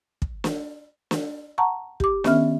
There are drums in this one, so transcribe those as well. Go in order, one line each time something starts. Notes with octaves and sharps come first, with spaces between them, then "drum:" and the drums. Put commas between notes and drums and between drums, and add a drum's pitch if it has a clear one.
drum: kick
drum: snare
drum: snare
F#5 A5 A#5 C#6
G4 D6, drum: kick
D#3 B3 C#4 E5 F6, drum: snare